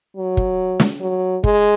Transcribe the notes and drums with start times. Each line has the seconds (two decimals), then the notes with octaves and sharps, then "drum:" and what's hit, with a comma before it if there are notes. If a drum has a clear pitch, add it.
0.16 F#3
0.37 drum: kick
0.80 drum: snare
1.01 F#3
1.44 G#3, drum: kick